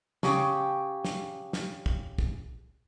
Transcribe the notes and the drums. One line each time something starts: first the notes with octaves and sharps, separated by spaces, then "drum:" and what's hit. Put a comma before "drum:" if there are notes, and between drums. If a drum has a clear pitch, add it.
C#3 G4, drum: snare
drum: snare
drum: snare
drum: kick
drum: kick